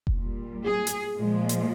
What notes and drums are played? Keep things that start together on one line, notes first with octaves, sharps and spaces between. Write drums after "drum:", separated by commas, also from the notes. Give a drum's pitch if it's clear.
drum: kick F1
A#2 G3
G#4
drum: hi-hat
A#2 F3 G#3
drum: hi-hat